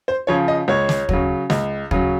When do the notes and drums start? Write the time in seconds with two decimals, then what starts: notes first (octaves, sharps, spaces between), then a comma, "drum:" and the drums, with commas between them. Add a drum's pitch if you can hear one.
0.08 C5
0.27 C#3 F3 C#5
0.48 D#5
0.68 C#2 C#5
0.89 drum: snare
1.09 C#3 F#3, drum: kick
1.50 C#2, drum: snare
1.91 C#3 F#3, drum: kick